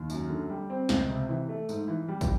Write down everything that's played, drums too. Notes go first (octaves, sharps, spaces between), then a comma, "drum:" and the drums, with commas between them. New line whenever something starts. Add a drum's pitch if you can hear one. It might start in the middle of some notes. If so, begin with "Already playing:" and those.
Already playing: D#2
F#2, drum: tambourine
D3
G3
C4
C#2, drum: snare
C3
E3
A3
G#2, drum: tambourine
E3
G3
drum: kick, tambourine